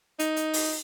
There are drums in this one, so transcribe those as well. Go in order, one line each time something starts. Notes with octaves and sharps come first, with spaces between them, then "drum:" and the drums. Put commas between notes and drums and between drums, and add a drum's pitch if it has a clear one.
D#4, drum: hi-hat
drum: hi-hat
drum: open hi-hat